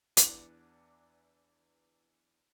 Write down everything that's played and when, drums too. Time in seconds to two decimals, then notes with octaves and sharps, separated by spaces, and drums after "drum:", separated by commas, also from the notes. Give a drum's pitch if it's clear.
0.17 E2 E3 D4 F#5 D6, drum: hi-hat